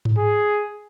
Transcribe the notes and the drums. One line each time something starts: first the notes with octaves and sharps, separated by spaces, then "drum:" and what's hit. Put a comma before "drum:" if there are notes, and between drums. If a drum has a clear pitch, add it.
drum: tom G#2
G#4